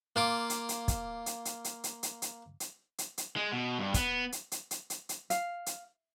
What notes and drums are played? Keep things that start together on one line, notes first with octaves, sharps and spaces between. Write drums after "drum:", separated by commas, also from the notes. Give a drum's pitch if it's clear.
A#3 F4 D6
drum: hi-hat
drum: hi-hat
drum: kick, hi-hat
drum: hi-hat
drum: hi-hat
drum: hi-hat
drum: hi-hat
drum: hi-hat
drum: hi-hat
drum: hi-hat
drum: hi-hat
drum: hi-hat
G#3
B2
G2
B3, drum: kick, hi-hat
drum: hi-hat
drum: hi-hat
drum: hi-hat
drum: hi-hat
drum: hi-hat
F5, drum: hi-hat
drum: hi-hat